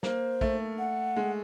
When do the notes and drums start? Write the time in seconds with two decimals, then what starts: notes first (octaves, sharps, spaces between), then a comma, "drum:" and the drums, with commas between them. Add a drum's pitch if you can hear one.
0.03 A#3 C5, drum: snare
0.41 A3, drum: kick
0.78 F#5
1.16 G#3